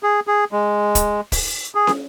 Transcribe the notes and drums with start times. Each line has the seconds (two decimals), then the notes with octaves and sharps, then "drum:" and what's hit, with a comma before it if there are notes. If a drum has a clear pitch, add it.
0.03 G#4
0.27 G#4
0.52 G#3
0.95 drum: kick, hi-hat
1.32 drum: kick, open hi-hat
1.75 G#4
1.87 drum: snare